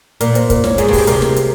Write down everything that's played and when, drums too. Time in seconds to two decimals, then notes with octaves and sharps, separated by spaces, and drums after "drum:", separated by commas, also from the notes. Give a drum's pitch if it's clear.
0.21 A#2 A#4, drum: hi-hat
0.35 C5, drum: hi-hat
0.50 A#4, drum: kick, hi-hat
0.64 C#5, drum: snare
0.78 G#2 G#4, drum: hi-hat
0.88 G2
0.93 G4, drum: kick, open hi-hat
0.98 G#2
1.07 C3 A#4, drum: hi-hat
1.22 drum: snare
1.36 drum: hi-hat